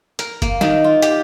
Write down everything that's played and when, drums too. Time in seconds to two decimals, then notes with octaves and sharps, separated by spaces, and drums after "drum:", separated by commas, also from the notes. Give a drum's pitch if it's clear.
0.19 A#4, drum: hi-hat
0.42 A#3, drum: kick, hi-hat
0.61 D#3, drum: snare
0.84 F4
1.02 G4, drum: hi-hat